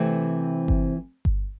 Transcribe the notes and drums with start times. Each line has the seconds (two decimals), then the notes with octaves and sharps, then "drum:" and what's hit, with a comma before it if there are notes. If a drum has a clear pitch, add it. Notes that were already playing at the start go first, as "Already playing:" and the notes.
Already playing: C3 E3 A3 C4
0.68 drum: kick G1
1.25 drum: kick G1